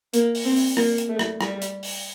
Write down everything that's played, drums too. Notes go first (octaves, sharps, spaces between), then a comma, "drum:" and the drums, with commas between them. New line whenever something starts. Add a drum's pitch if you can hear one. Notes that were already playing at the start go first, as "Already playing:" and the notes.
A#3, drum: hi-hat
drum: open hi-hat
C4
drum: open hi-hat
A#3, drum: rim click
drum: hi-hat
A3
drum: rim click
G3, drum: rim click
drum: hi-hat
drum: open hi-hat